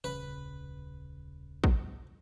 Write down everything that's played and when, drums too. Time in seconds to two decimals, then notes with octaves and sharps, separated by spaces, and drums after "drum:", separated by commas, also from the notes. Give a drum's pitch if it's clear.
0.04 D#1 C2 C#3 B4
1.64 drum: kick